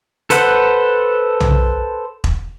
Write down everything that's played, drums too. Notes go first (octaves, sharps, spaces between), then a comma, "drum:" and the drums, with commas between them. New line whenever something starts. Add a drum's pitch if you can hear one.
A4 B4 C5 F#5, drum: hi-hat
drum: tom
drum: kick E1